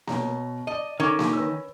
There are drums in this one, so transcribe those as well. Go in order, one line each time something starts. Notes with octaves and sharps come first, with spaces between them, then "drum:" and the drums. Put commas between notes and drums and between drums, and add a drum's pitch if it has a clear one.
B2 C#5 A#5, drum: snare A#3
D5 D#5 A5
D#3 C#4 A4 D6
drum: snare A#3
B4 C#5 E6